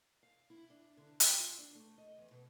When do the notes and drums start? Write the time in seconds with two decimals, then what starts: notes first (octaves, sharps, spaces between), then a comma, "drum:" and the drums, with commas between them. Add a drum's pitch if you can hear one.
0.23 F5
0.50 E4
0.70 D4
0.97 D3
1.20 G4, drum: hi-hat
1.40 F4
1.58 D4
1.75 A3
1.98 D#5
2.18 E2
2.31 B2